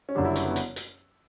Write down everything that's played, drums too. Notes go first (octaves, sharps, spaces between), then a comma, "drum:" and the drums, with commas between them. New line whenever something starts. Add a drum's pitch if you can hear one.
C#4
F#1 F#2 D3 G3 D4
E4
C#4, drum: hi-hat
B3
drum: hi-hat
drum: hi-hat